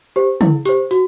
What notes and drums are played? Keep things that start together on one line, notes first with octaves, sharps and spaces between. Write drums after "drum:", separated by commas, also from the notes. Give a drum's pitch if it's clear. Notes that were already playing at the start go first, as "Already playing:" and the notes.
G4 C5
E4, drum: tom
G4 C5, drum: hi-hat
F#4, drum: hi-hat